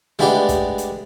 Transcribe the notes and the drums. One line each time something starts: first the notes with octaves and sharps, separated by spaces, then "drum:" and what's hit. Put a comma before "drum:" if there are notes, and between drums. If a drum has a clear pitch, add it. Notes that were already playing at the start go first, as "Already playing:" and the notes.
G#3 A3 B3 D4 G4, drum: snare
drum: kick, hi-hat
drum: hi-hat